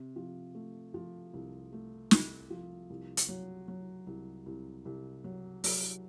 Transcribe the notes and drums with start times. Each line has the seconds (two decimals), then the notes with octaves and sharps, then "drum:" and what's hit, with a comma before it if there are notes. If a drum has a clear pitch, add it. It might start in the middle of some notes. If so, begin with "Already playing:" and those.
Already playing: C3
0.16 F3
0.55 A3
0.94 F3
1.33 C2
1.73 A3
2.11 C2, drum: snare
2.50 F3
2.90 C2
3.17 drum: hi-hat
3.28 F#3
3.68 F#3
4.07 C2
4.46 C2
4.85 C2
5.24 F#3
5.64 F#3, drum: open hi-hat